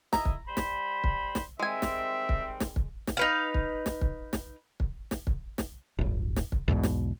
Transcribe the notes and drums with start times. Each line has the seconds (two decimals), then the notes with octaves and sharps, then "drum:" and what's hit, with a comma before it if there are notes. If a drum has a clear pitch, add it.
0.13 G#2 E4 D#5 A#5, drum: snare
0.25 drum: kick
0.47 G3 C5 B5
0.57 drum: snare
1.04 drum: kick
1.35 drum: snare
1.59 D#3 G3 G#3 C4 E5 G#5
1.82 drum: snare
2.29 drum: kick
2.60 drum: snare
2.76 drum: kick
3.07 drum: snare
3.17 D#4 B4 F5
3.54 drum: kick
3.86 drum: snare
4.01 drum: kick
4.33 drum: snare
4.80 drum: kick
5.11 drum: snare
5.27 drum: kick
5.58 drum: snare
5.99 D1 G1
6.36 drum: snare
6.52 drum: kick
6.68 B1 E2 G#2 B2
6.83 drum: snare